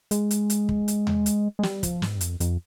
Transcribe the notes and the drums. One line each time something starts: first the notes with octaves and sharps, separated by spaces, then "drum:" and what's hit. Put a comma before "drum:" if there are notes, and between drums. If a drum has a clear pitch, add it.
G#3, drum: hi-hat
drum: hi-hat
drum: hi-hat
drum: kick
drum: hi-hat
drum: tom D#2
drum: hi-hat
G#3
G3, drum: snare
F3, drum: kick, hi-hat
G#2, drum: snare
G2
F2, drum: hi-hat
F2, drum: hi-hat